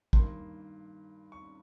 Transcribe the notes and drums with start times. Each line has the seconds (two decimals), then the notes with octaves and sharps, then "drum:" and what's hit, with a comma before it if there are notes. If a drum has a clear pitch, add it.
0.13 G2 D#3 A#3 C6, drum: kick
1.32 C#6